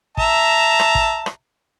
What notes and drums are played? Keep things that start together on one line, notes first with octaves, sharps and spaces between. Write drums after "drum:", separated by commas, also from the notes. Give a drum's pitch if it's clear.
E5 A5 A#5, drum: kick
drum: rim click
drum: kick
drum: rim click